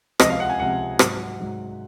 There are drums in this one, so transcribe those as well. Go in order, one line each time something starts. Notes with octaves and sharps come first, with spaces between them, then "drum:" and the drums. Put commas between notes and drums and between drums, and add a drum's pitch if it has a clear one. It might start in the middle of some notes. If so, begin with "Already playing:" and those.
C#2 C3 F3 D#5, drum: rim click
F5
F#5
G#5
C#2 C3 F3 F#5
G#2 F#3, drum: rim click
G#2 F#3